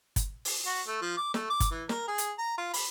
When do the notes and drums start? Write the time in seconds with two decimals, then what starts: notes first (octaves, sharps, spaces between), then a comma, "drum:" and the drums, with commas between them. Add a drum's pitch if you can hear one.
0.16 drum: kick G1, hi-hat
0.45 drum: open hi-hat
0.66 F#4
0.87 A3
1.02 F3
1.17 D6
1.34 A3, drum: snare
1.50 D6
1.60 drum: kick G1, hi-hat
1.71 E3
1.89 A#4, drum: snare
2.08 G#4
2.18 drum: hi-hat
2.38 A#5
2.58 F4
2.74 B5, drum: open hi-hat